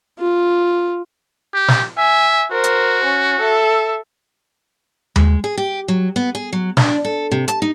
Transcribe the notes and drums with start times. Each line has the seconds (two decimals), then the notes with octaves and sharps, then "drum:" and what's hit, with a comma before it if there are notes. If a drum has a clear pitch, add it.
0.19 F4
1.54 G4
1.68 drum: snare
1.98 E5 G#5
2.51 F#4 A#4 C5
2.64 drum: hi-hat
3.04 C#4
3.40 A4 E5
5.16 G#3, drum: tom D#2
5.44 G#4
5.58 G4
5.88 F#3
6.16 B3
6.35 G#4
6.53 F#3
6.77 D4, drum: snare
7.05 A4
7.31 C3
7.48 A5, drum: hi-hat
7.62 D#4